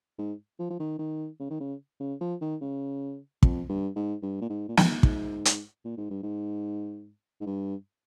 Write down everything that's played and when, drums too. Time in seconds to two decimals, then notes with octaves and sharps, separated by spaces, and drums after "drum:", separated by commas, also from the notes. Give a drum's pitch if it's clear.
0.18 G#2
0.59 F3
0.70 F3
0.80 D#3
0.99 D#3
1.40 C#3
1.50 D#3
1.60 C#3
2.00 C#3
2.21 F3
2.41 D#3
2.61 C#3
3.43 F2, drum: kick
3.69 G2
3.96 G#2
4.22 G2
4.41 A#2
4.50 G#2
4.69 A#2
4.77 G#2, drum: snare
5.03 G#2, drum: kick
5.45 drum: hi-hat
5.85 A#2
5.97 G#2
6.10 G2
6.23 G#2
7.40 G#2
7.46 G2